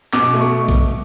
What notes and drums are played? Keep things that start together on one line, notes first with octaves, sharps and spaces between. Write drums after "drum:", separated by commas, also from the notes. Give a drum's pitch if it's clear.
B2 D6, drum: clap
A3
C#6
drum: kick, hi-hat